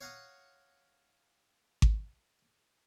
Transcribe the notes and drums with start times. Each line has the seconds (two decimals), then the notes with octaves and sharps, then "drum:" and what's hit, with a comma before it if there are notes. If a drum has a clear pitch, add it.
0.01 C#5 F5 F#5 A#5 C#6 D#6
1.82 drum: kick G#1